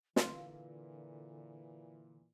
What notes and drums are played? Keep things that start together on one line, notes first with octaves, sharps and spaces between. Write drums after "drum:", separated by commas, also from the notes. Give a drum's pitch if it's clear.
A#2 D3 E3 F4 B4 F5, drum: snare